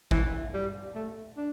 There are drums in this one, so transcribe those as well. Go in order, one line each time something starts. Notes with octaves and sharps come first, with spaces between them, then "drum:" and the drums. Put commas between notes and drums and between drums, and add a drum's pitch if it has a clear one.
E3, drum: kick
G3
A3
D4